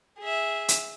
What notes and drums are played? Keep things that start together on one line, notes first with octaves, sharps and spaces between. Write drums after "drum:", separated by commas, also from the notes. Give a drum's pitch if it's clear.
G#4 E5
drum: hi-hat